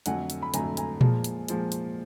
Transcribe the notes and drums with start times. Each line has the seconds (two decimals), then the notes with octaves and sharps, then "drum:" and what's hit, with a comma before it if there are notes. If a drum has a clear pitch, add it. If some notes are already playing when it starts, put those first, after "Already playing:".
0.06 F2 D3 F#3 A3 F#5 G#5, drum: hi-hat
0.30 drum: hi-hat
0.42 B5
0.54 F2 D3 F#3 A3 G#5 A#5, drum: hi-hat
0.77 G#5 A#5, drum: hi-hat
1.01 A#2 F3 G#3, drum: tom A#2
1.24 drum: hi-hat
1.48 A#2 F3 G#3, drum: hi-hat
1.72 drum: hi-hat